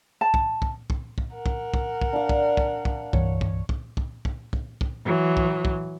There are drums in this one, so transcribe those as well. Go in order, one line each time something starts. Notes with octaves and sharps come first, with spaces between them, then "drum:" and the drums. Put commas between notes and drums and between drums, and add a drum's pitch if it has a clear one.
A5
drum: kick
drum: kick
drum: kick
drum: kick
A#4 F#5
drum: kick
drum: kick
drum: kick
D4 F5
drum: kick
drum: kick
drum: kick
C2 G2 E3 C#5, drum: kick
drum: kick
drum: kick
drum: kick
drum: kick
drum: kick
drum: kick
E3 F#3
drum: kick
drum: kick